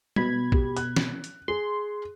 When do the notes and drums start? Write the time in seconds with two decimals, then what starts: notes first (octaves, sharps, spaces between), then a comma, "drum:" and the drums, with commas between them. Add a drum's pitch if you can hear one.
0.16 B2 B5 G#6, drum: tom G3
0.52 G4, drum: kick
0.77 F#6, drum: hi-hat
0.96 drum: snare
1.24 drum: hi-hat
1.48 G#4 C6